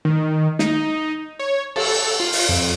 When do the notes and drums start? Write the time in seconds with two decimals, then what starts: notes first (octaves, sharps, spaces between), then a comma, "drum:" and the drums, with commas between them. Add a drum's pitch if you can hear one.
0.05 D#3
0.59 D#4, drum: snare
1.39 C#5
1.76 A4, drum: cymbal
2.20 F4
2.33 drum: open hi-hat
2.49 F2